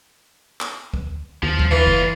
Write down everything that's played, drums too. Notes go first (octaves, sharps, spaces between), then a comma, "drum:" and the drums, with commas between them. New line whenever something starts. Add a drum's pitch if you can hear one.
drum: clap
drum: kick
D#2 F3
drum: kick
A2 E3 F4
F#1